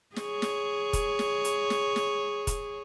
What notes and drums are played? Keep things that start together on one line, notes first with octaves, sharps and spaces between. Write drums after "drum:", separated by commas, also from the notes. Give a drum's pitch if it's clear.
G#4 C#5, drum: snare
drum: snare
drum: kick E1, hi-hat
drum: snare
drum: hi-hat
drum: snare
drum: snare
drum: kick E1, hi-hat